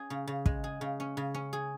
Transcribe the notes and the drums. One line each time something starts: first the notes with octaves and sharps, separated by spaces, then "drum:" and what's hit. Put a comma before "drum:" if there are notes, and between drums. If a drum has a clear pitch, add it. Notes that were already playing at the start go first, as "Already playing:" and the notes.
Already playing: C#4 G#4
C#3
C#3
G#3, drum: kick
G#4
C#3
C#4
C#3
C#4
G#4